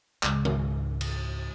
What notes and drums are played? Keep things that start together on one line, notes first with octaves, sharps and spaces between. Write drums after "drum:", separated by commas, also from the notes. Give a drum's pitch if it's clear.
C#2 G#2, drum: clap
drum: tom
drum: cymbal